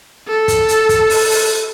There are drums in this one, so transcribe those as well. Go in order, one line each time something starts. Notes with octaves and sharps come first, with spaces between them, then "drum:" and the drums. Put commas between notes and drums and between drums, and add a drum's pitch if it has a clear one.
A4
drum: kick, hi-hat
drum: hi-hat
drum: kick, hi-hat
drum: open hi-hat
drum: open hi-hat